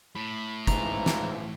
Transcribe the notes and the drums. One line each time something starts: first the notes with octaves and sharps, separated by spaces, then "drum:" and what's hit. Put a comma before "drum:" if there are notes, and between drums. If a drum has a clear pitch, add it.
A2 B5
C#2 G#2 E3 F3 A#5, drum: kick, hi-hat
drum: snare